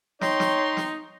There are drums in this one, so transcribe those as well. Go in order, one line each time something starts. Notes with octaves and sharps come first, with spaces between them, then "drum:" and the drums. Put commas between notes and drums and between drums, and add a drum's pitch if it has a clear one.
D#4 C#5 G5 C6, drum: snare
drum: snare
drum: snare